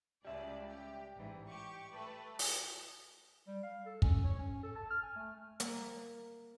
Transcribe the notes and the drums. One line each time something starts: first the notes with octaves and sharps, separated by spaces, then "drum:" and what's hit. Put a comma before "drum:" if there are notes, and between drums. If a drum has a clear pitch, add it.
C#2 G3 D5 E5
G4
A1 G#2 E3
G4 C#6
A3 B4
drum: open hi-hat
G3
F5
A4
C#4, drum: kick
C#5
C#4
A4
A5
F6
G#5
A3
A#3, drum: hi-hat